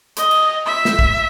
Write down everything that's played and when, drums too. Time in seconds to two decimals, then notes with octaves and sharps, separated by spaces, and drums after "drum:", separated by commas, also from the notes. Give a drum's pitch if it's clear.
0.17 D#5, drum: hi-hat
0.31 drum: cymbal
0.66 E5
0.85 drum: snare
0.99 drum: kick